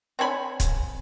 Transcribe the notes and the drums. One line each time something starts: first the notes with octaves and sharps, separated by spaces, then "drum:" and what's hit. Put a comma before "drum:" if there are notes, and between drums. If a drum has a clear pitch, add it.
C4 C#5 G#5 B5
drum: kick C#1, hi-hat